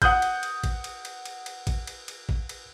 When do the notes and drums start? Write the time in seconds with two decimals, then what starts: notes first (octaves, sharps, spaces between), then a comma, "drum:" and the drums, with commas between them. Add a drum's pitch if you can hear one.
0.02 F#5 D#6 F#6 G6, drum: kick A1, cymbal
0.22 drum: cymbal
0.43 drum: cymbal
0.64 drum: kick A1, cymbal
0.84 drum: cymbal
1.05 drum: cymbal
1.25 drum: cymbal
1.46 drum: cymbal
1.67 drum: kick A1, cymbal
1.87 drum: cymbal
2.08 drum: cymbal
2.29 drum: kick A1
2.49 drum: cymbal